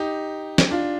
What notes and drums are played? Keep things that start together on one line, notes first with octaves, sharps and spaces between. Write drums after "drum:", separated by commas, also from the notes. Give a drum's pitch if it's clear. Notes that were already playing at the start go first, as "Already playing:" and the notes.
Already playing: D#4 G4
drum: snare
D4 F4